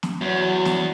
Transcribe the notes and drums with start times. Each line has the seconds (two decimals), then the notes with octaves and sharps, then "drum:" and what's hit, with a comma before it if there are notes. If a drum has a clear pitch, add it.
0.03 drum: snare
0.21 E2 F#3
0.65 drum: snare